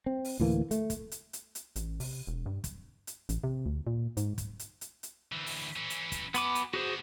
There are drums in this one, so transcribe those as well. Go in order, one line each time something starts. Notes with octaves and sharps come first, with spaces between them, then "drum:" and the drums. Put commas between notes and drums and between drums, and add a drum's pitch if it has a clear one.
C4
drum: open hi-hat
D2 A2 E3 A#3
A3, drum: hi-hat
drum: kick, hi-hat
drum: hi-hat
drum: hi-hat
drum: hi-hat
A1, drum: hi-hat
C3, drum: open hi-hat
E1
G2
drum: kick, hi-hat
drum: hi-hat
A1, drum: hi-hat
C3
D2
A#2
G#2, drum: hi-hat
drum: kick, hi-hat
drum: hi-hat
drum: hi-hat
drum: hi-hat
D2 E3
drum: open hi-hat
E3 C#4
drum: hi-hat
drum: kick, hi-hat
B3 F#4 G#5 B5 D6, drum: hi-hat
drum: hi-hat
D3 B3 F#4 G#4 C5